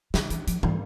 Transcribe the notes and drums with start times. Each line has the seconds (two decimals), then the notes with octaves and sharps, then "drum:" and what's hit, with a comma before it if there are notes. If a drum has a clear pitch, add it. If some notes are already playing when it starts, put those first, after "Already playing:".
0.14 D3, drum: snare
0.30 E3, drum: hi-hat
0.47 F3, drum: hi-hat
0.63 E3, drum: tom